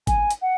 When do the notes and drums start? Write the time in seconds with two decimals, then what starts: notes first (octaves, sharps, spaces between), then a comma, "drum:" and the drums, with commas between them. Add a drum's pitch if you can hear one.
0.07 G#5, drum: kick, hi-hat
0.31 drum: hi-hat
0.42 F#5